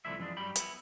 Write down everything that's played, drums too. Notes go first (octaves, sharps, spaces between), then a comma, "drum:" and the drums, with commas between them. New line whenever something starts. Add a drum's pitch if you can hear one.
C2 D3 F3 A3 E4 E5
F#2 E3 F3 G#3 D4
G2 F#3 G3 G4 G5 B5
B3 E4, drum: hi-hat